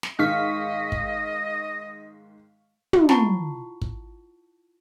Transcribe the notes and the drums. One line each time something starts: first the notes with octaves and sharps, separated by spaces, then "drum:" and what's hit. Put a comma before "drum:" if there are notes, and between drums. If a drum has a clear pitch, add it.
drum: snare
G#2 D#3 D#5 F5 C#6 B6
drum: kick
drum: tom
E4 F4 F#5 A5 C#6, drum: snare
drum: kick